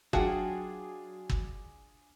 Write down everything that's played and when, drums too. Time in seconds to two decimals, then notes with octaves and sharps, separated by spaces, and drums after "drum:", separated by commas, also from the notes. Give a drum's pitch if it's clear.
0.13 F#3 D4 F4 F#4 G#4 F#5 G5 A5, drum: kick G1
1.30 drum: kick G1